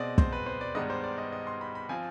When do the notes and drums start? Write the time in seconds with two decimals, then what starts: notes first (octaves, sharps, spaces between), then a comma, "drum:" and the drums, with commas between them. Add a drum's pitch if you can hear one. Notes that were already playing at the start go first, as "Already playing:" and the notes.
Already playing: B2 G#3 C4 D5 D#5
0.18 C5, drum: kick
0.33 B4
0.46 C5
0.61 D5
0.75 G2 D#3 G#3 B3 D4 D#5
0.90 C5
1.04 D5
1.18 D#5
1.33 D#5
1.47 C6
1.61 B5
1.75 B5
1.89 F3 C4 F4 G#5